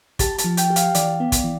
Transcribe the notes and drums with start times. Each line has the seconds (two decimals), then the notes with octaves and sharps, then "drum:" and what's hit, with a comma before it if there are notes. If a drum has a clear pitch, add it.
0.19 G4 A5, drum: kick, hi-hat
0.38 A5, drum: hi-hat
0.44 F3
0.57 G5, drum: hi-hat
0.70 G4
0.76 F5, drum: hi-hat
0.95 E3 D5, drum: hi-hat
1.20 B3
1.32 drum: kick, hi-hat
1.44 E3